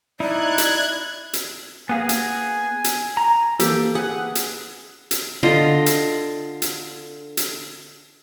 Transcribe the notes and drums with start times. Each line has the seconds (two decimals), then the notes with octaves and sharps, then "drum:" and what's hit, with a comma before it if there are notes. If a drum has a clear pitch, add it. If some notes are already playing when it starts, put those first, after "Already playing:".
0.20 D#4 E4 D5 F#6 G#6
0.58 drum: hi-hat
1.33 drum: hi-hat
1.89 A#3 B3 G#4 F5 G#5 A#6
2.09 drum: hi-hat
2.84 drum: hi-hat
3.17 A#5
3.60 E3 A#3 G4 A4, drum: hi-hat
3.95 G#4 B4 F#5
4.35 drum: hi-hat
5.11 drum: hi-hat
5.43 D3 F4 D#5 G5
5.86 drum: hi-hat
6.62 drum: hi-hat
7.37 drum: hi-hat